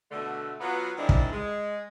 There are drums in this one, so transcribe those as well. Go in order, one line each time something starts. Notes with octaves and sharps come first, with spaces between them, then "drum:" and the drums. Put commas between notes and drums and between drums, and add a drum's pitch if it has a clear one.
B2 D3 A3
F#3 B3 F4
D#3 G3 G#3 C4 D4 E4
drum: kick
G#3